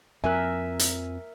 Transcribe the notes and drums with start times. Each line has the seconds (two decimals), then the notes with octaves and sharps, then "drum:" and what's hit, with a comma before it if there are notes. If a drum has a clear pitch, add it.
0.24 F2 F3 C4 A#4 E5 G#5 F#6
0.79 drum: hi-hat